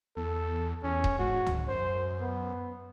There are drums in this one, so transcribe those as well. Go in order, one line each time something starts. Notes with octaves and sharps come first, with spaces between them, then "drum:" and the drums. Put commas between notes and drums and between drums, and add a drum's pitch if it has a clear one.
E2 A4
E2 C#4
drum: kick D#1
G#2 F#4
drum: tom
F#2 C5
B3